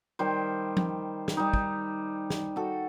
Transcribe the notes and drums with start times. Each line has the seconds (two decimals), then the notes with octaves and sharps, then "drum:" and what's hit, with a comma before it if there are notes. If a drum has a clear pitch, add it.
0.19 D#3 G3 C5
0.77 drum: tom F3
1.28 drum: snare
1.37 G3 D#4
1.54 drum: kick
2.30 drum: snare
2.56 F#4 A4